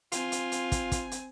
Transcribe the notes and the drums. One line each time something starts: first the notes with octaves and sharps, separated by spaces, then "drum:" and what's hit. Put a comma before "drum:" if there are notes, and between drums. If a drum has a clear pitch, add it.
C4 F4 G#5, drum: hi-hat
drum: hi-hat
drum: hi-hat
drum: kick, hi-hat
drum: kick, hi-hat
drum: hi-hat